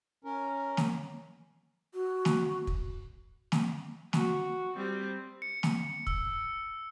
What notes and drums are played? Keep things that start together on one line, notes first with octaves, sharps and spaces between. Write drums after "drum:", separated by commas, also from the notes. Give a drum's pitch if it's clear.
C#4 A#4
drum: snare
F#4
drum: snare
drum: kick
drum: snare
F#4, drum: snare
G3 C4
C#7
drum: snare
E6, drum: kick